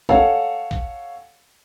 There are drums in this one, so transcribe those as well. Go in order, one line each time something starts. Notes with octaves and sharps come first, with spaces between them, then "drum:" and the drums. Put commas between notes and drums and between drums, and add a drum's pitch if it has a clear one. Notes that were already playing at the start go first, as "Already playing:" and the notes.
A4 C#5 F5 F#5 G#5, drum: kick A#1
drum: kick A#1